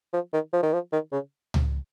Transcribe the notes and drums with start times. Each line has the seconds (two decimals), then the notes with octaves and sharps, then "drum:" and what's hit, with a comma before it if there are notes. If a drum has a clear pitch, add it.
0.13 F3
0.33 D#3
0.53 F3
0.63 D#3
0.73 F3
0.92 D#3
1.12 C#3
1.54 drum: tom C#2